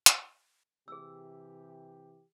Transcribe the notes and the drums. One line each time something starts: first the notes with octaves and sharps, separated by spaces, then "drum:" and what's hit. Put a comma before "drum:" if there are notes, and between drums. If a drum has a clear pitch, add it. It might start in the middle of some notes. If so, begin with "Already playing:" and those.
drum: hi-hat
C3 E3 G4 G#4 E6